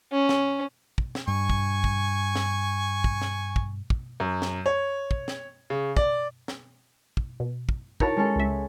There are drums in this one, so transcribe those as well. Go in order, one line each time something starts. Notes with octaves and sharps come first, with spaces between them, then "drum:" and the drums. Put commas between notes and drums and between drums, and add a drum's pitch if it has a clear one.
C#4
drum: snare
drum: kick
drum: snare
G2 G#5 C#6
drum: kick
drum: kick
drum: snare
drum: kick
drum: snare
drum: kick
drum: kick
F#2
drum: snare
C#5
drum: kick
drum: snare
C#3
D5, drum: kick
drum: snare
drum: kick
B2
drum: kick
D#4 E4 F#4 A#4 C#5 A5, drum: kick
G#3 C#4 A4
C#2 E5